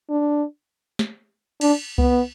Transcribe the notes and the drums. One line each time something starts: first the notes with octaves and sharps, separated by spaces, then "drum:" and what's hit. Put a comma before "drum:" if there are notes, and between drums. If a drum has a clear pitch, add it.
D4
drum: snare
D4, drum: cymbal
B3, drum: kick C2